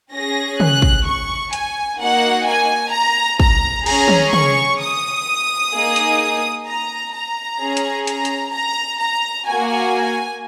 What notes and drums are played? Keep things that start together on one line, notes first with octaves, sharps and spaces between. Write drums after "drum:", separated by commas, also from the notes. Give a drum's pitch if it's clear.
C#4 G#4 A#6
F#6, drum: tom
drum: kick
C#6
G#5, drum: hi-hat
A#3 D#4 F#4 F#5
G#5
A#5
A#5, drum: kick
C#4 G#4 A#5, drum: cymbal
drum: tom
C#6, drum: tom
D#6
A#3 D#4 G#4
drum: hi-hat
A#5
A#5
C#4 G#4
drum: hi-hat
A#5, drum: hi-hat
drum: hi-hat
A#5
A#5
A#3 F#4 G#5